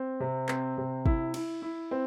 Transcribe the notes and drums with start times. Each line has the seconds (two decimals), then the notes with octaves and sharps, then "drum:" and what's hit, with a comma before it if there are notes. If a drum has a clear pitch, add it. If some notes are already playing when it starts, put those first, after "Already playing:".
Already playing: C4
0.20 C3
0.49 C4, drum: clap
0.78 C3
1.06 E4, drum: kick
1.34 E4, drum: cymbal
1.62 E4
1.91 C4